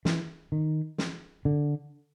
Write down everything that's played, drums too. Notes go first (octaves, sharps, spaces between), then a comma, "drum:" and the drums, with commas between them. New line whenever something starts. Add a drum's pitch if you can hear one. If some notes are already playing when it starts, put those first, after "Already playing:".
E3, drum: snare
D#3
drum: snare
D3